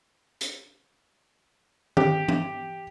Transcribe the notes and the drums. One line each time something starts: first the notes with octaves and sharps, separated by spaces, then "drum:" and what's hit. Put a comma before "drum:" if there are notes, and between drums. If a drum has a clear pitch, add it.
drum: hi-hat
G4, drum: tom D#3
drum: tom E3